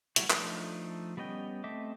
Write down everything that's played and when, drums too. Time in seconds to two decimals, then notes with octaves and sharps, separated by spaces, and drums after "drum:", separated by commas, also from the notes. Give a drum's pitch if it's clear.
0.16 F#3 G3 A3 E4 F#4, drum: hi-hat
0.30 F3 A3 D4 D#4, drum: clap
1.17 G3 B3 C#4 D#5 G5
1.64 A3 C4 D#5 E5 D6